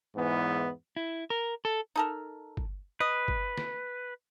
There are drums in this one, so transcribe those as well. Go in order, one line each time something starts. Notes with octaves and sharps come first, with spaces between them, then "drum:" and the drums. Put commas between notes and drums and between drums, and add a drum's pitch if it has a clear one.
E2 G#2 E3 B3
E4
A#4
A4
D#4 A4 A#4
drum: kick G1
B4 D#5
drum: kick G1
drum: snare